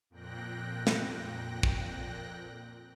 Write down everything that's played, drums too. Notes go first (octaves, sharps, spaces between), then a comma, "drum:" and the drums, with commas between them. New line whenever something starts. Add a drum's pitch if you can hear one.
F2 A#2 G5 F#6 A#6
drum: snare
drum: kick